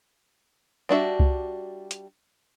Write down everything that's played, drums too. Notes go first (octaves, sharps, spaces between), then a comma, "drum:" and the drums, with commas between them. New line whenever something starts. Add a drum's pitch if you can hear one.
G3 D4 F#4 E5
drum: kick C2
drum: hi-hat